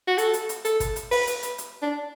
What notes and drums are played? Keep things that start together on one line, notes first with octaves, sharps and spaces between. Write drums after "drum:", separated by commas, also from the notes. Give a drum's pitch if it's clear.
F#4
A4, drum: hi-hat
drum: hi-hat
drum: hi-hat
A4, drum: hi-hat
drum: kick, hi-hat
drum: hi-hat
B4, drum: open hi-hat
drum: hi-hat
drum: hi-hat
drum: hi-hat
D4